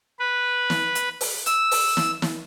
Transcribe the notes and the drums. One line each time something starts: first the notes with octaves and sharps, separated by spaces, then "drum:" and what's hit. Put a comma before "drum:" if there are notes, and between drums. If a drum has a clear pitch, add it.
B4
drum: snare
drum: hi-hat
drum: open hi-hat
E6, drum: hi-hat
drum: open hi-hat
drum: snare
drum: snare